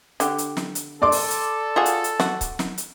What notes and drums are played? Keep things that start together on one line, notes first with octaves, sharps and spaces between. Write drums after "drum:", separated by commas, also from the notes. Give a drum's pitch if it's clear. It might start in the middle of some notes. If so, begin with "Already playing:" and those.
D3 G4, drum: hi-hat
drum: hi-hat
drum: snare
drum: hi-hat
A4 D5 C6 D6
drum: open hi-hat
drum: hi-hat
F4 F#4 G#4
drum: hi-hat
drum: hi-hat
F#4, drum: snare
drum: kick C#1, hi-hat
drum: snare
drum: hi-hat